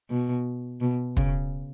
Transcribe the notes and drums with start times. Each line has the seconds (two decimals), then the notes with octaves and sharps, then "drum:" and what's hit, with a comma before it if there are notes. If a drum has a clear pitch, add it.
0.10 B2
0.81 B2
1.17 C#3, drum: kick